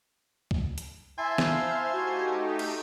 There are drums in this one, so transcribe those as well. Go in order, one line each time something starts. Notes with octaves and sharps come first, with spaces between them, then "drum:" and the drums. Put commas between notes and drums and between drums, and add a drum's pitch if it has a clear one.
drum: kick C2
drum: hi-hat
E4 C5 E5 F5 G#5 A5 C6
drum: snare
A3 D#4 F#4 G4
drum: cymbal